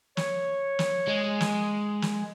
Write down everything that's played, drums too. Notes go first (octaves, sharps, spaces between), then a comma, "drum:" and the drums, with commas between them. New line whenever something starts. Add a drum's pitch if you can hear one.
C#5, drum: snare
drum: snare
G#3
drum: snare
drum: snare